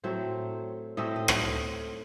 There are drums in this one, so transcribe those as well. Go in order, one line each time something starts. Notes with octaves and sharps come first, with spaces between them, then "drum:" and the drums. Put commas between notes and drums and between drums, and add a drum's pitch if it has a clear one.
A2 F#3 A3 C4 C5
A2 A3 C4 D#5
D#5
drum: rim click